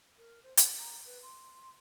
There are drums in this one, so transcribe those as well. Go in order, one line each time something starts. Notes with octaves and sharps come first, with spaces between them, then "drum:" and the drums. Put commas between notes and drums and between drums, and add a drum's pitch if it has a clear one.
A#4
C5
F#5, drum: hi-hat
A#5
B4
C6